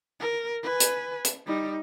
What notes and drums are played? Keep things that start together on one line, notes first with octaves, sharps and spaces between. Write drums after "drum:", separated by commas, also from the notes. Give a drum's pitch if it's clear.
A#4
B4 G#5
drum: hi-hat
drum: hi-hat
G3 D#4